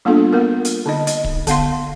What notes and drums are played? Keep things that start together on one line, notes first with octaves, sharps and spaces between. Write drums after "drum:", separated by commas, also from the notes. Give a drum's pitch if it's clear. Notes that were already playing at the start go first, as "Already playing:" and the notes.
G3 A#3 B3 D4 F4 A4
A#3 B3 A#4
drum: hi-hat
D3 D#4 D#5
D#5, drum: hi-hat
drum: kick
D3 B3 F5 C6, drum: kick, hi-hat